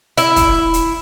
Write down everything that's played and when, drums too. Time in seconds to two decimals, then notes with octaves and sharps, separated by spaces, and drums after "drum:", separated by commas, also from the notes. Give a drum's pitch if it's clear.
0.17 E4, drum: hi-hat
0.36 drum: kick, hi-hat
0.74 drum: hi-hat